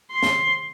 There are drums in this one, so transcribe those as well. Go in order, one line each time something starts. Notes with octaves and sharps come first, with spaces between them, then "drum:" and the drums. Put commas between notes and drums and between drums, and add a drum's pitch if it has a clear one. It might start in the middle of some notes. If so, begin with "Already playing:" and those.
C6
drum: snare